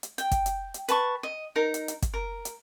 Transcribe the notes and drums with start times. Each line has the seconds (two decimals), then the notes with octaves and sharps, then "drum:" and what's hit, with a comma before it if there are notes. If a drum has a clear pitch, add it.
0.03 drum: hi-hat
0.18 G5, drum: hi-hat
0.31 drum: kick, hi-hat
0.46 drum: hi-hat
0.74 drum: hi-hat
0.88 B4 A5 C#6, drum: hi-hat
1.23 D#5
1.56 D#4 A#4
1.74 drum: hi-hat
1.88 drum: hi-hat
2.02 drum: kick, hi-hat
2.14 A#4
2.45 drum: hi-hat